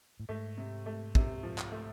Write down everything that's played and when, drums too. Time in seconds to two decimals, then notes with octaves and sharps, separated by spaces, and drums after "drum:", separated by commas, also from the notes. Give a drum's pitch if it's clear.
0.20 A2
0.29 G#2 A3
0.57 C3
0.86 A3
1.15 C3, drum: kick
1.43 F3
1.58 drum: clap
1.72 A3